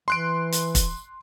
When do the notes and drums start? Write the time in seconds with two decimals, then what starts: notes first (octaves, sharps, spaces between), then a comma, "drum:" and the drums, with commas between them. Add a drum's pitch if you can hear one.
0.08 E3 C6 F#6 D7
0.52 drum: hi-hat
0.75 drum: kick, hi-hat